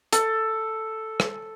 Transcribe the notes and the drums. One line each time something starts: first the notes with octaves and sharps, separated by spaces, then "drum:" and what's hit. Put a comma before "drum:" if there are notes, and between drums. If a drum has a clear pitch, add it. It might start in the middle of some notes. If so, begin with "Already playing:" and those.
A4, drum: hi-hat
drum: rim click